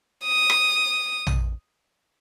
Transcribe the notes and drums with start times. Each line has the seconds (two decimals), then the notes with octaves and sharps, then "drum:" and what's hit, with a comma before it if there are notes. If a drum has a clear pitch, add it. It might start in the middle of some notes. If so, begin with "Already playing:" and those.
0.24 D#6
0.50 drum: rim click
1.27 drum: tom A#1